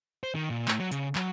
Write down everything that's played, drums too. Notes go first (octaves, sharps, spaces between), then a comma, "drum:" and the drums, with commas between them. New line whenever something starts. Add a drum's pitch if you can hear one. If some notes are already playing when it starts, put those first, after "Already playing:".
C5
D#3
A#2
A2, drum: clap
F#3
C#3, drum: hi-hat
F#3, drum: clap